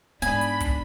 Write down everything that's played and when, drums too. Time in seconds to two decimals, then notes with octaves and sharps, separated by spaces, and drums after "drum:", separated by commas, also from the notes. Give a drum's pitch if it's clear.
0.22 G#2 B3 D4 G#5 B5, drum: hi-hat
0.41 drum: hi-hat
0.60 drum: kick, hi-hat